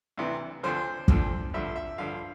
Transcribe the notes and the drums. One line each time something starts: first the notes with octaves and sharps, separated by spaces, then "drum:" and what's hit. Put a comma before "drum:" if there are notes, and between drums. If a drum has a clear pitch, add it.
D2 C3 E3
D2 D3 F3 C5
D2 D3 F3, drum: kick
G2 D3 F3 E5
E5
G2 D3 F3 F5